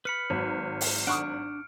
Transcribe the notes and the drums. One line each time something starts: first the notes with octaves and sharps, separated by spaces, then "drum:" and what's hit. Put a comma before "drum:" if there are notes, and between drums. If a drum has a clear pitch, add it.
B4 B5 F6 C#7
G#1 F#3
drum: open hi-hat
D4 F#5 C#6 D#6 F6 D7